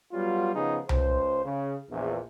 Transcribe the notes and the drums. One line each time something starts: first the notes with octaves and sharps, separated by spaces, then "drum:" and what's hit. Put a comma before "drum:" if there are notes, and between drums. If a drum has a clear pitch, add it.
F#3 G3 B3 F4
C#3 F3 B3 D#4 G#4
C#2 C5, drum: tom C2
C#3
A#1 E2